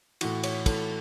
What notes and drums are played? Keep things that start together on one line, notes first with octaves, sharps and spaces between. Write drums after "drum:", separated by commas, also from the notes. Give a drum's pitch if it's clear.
A2 E3 F#4, drum: cymbal
C#5, drum: cymbal
A2 E3 A4, drum: kick, cymbal